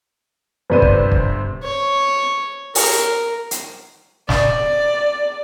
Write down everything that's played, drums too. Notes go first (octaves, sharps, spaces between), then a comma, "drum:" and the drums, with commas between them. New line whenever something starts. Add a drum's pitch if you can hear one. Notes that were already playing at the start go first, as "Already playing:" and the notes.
G1 C3 B4 C5 D5 D#7
drum: kick
drum: kick
C#5
A#4, drum: open hi-hat
drum: hi-hat
D5, drum: snare